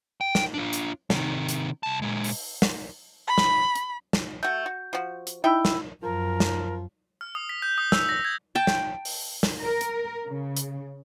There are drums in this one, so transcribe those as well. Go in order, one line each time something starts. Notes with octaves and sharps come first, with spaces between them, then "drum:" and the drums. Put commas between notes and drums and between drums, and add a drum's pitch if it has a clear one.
G5
drum: snare
D4 F4
drum: hi-hat
C3 D#3, drum: snare
drum: hi-hat
C2 A5
A#2 G#3
drum: open hi-hat
drum: snare
B5
drum: snare
drum: hi-hat
drum: snare
A3 F#4 G6
F#4
F3 F#4
drum: hi-hat
D#4 E4 E5 G5 B5 E6
drum: snare
F#2 F3 A#4
drum: snare
F6
D#6
B6
G6
D#6
E6, drum: snare
A#6
G#6
G5 A5
drum: snare
drum: open hi-hat
drum: snare
A#4
drum: hi-hat
C#3
drum: hi-hat